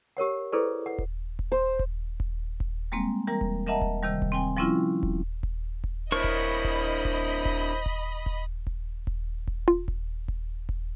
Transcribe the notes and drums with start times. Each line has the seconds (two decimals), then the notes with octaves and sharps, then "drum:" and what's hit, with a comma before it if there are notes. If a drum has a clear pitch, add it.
0.17 G4 A#4 C#5 F#5
0.52 E4 G#4 A4 B4 C5 D5
0.86 F#5
0.98 drum: kick D#1
1.39 drum: kick D#1
1.52 C5
1.79 drum: kick D#1
2.20 drum: kick D#1
2.60 drum: kick D#1
2.92 G3 G#3 A#3 C4
3.27 E3 G3 A#4 A#5
3.41 drum: kick D#1
3.67 A#4 D#5 E5 F#5 A5 A#5
3.81 drum: kick D#1
4.02 C3 D#3 G3
4.22 drum: kick D#1
4.32 C4 G5 G#5
4.57 F3 G3 C4 C#4 E4 F4
5.03 drum: kick D#1
5.43 drum: kick D#1
5.84 drum: kick D#1
6.12 D4 E4 A#4 C5 C#5 D#5 B5 C#6
6.24 drum: kick D#1
6.64 drum: kick D#1
7.05 drum: kick D#1
7.45 drum: kick D#1
7.86 drum: kick D#1
8.26 drum: kick D#1
8.67 drum: kick D#1
9.07 drum: kick D#1
9.47 drum: kick D#1
9.68 F4
9.88 drum: kick D#1
10.28 drum: kick D#1
10.69 drum: kick D#1